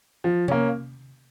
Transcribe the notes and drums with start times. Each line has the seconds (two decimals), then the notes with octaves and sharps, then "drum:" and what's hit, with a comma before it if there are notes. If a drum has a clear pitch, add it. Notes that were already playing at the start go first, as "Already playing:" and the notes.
0.24 F3
0.48 A#3 C#4, drum: tom C3